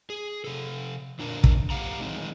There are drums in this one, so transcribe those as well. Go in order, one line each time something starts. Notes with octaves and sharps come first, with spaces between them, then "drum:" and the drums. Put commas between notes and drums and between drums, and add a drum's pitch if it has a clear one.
G#4
C3 A4
F2 A#2 D3 D4 A#4 A5
drum: kick
G#2 C4 G4 F5 F#5 A#5
D#3 E3 F#3 G#3 C4 D#4